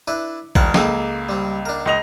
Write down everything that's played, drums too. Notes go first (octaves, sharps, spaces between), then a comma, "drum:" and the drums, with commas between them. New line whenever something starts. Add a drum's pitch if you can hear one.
D4 E4 B4
E1 C5 F5 F#5, drum: kick A#1
C#2 A#3 G#4 A4, drum: snare
G3 C4
D4 A#4
C#2 D#5 F7